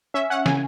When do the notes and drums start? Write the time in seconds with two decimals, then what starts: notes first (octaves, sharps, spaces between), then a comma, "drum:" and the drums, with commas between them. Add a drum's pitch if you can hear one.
0.14 C#4 E5
0.30 C#4 F#5
0.46 C#3 G#5, drum: snare